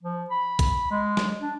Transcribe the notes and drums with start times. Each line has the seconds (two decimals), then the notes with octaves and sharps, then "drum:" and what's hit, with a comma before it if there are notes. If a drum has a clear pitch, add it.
0.03 F3
0.30 B5
0.59 drum: kick A#1, hi-hat
0.91 G#3
1.17 drum: snare
1.42 D4